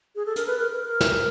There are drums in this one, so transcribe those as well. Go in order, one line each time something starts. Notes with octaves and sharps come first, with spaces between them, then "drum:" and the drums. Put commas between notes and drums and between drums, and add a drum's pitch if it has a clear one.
G#4
A4
A#4, drum: hi-hat
B4
A#4
A#4
A#4
drum: snare